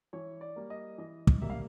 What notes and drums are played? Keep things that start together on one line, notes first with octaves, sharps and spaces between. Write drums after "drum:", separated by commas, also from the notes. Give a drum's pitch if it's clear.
E3 C#5
D5
G3 A#3
D#5
E3 D#5
drum: kick
G3 A#3 E5
F5